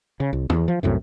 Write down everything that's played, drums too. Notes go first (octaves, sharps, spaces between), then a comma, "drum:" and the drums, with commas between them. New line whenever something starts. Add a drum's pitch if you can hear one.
C#3
C2
E2, drum: tom
F3
C2 F#2 A2 C3